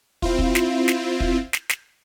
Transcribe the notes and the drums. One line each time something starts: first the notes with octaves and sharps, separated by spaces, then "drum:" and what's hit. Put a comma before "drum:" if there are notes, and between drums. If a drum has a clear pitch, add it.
C4 E4 F4, drum: kick
drum: kick
drum: snare
drum: snare
drum: kick
drum: snare
drum: snare